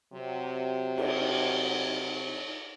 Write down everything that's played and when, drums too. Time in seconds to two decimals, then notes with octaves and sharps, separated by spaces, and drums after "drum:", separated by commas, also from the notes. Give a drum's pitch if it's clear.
0.13 C3 F#3
0.98 drum: cymbal